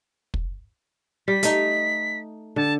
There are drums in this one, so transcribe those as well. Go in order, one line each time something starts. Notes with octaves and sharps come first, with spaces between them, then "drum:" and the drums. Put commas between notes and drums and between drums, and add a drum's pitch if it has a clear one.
drum: kick
G3 B6
A3 D#4, drum: hi-hat
D3 A5